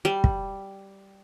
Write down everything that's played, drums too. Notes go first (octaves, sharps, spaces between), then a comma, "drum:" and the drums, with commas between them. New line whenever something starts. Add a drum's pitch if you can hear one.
G3
drum: kick